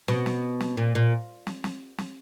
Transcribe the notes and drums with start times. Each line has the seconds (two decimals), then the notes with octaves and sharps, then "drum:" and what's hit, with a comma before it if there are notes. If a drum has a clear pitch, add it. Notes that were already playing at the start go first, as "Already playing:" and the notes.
0.08 B2, drum: snare
0.26 drum: snare
0.60 drum: snare
0.77 A#2
0.95 A#2
1.47 drum: snare
1.64 drum: snare
1.98 drum: snare